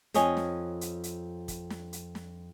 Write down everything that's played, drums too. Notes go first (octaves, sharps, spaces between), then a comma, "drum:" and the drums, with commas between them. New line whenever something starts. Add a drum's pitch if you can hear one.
F2 C#5 D#5 G#5, drum: hi-hat
drum: snare
drum: hi-hat
drum: hi-hat
drum: kick, hi-hat
drum: snare
drum: hi-hat
drum: snare